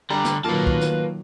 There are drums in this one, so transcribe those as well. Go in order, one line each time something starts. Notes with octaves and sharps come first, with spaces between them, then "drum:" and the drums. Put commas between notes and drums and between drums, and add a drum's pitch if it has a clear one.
D3 G3 D4 A#5
drum: snare
A#2 D#3 F#3 A#3 F4 B4 A5
drum: kick
drum: snare